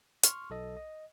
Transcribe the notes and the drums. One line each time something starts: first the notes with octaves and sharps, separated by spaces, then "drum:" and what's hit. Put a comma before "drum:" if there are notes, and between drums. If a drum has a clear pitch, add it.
C6 C#6 F6, drum: hi-hat
B1 A4 D#5
D#5